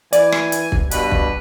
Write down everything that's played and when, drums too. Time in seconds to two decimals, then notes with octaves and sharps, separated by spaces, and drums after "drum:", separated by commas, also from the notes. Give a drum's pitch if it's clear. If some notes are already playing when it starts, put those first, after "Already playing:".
0.13 E3 D5 G#5, drum: hi-hat
0.32 drum: rim click
0.52 drum: hi-hat
0.72 drum: kick
0.91 G2 B2 B4, drum: hi-hat
1.11 drum: kick